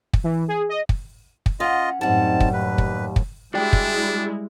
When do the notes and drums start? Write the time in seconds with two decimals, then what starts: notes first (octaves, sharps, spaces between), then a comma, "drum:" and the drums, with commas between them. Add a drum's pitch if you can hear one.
0.13 drum: kick
0.24 E3
0.48 G#4
0.69 D#5
0.89 drum: kick
1.46 drum: kick
1.60 C#4 F4 D#5 F#5
2.01 F#2 A2 G3 C4 D#4 F#5 A5
2.40 drum: kick
2.53 D#2 B4
2.78 drum: kick
3.16 drum: kick
3.54 G3 G#3 D4 E4 F#4 D5 G5
3.73 drum: kick